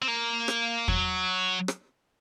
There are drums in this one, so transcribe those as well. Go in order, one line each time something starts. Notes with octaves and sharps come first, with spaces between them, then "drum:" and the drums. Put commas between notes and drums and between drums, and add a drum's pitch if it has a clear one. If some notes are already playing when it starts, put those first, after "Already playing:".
C4
A#3
drum: rim click
F#3, drum: kick E2
drum: rim click